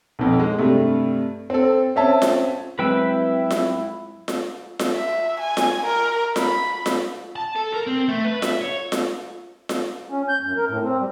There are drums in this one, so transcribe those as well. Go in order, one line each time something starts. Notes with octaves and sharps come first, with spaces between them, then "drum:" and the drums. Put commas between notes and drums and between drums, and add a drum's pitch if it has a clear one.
B1 F2
G#3
G2 C3 A3
C4 A4
C4 C#4 E5 A5
drum: snare F4
F#3 G#3 C4 E4 B4 G5 E6
drum: snare F4
drum: snare F4
drum: snare F4
E5
G#5
drum: snare F4
A#4
B5, drum: snare F4
drum: snare F4
A5
A4
A#4
C4
A3
B4
E5, drum: snare F4
C#5
drum: snare F4
drum: snare F4
C#4
G6
F#2
A#4
A2
C4
G3